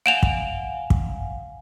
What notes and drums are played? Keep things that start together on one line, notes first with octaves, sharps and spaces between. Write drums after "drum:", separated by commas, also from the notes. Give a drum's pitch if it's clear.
F5 F#5 G#5 D7 E7 F7
drum: kick
drum: kick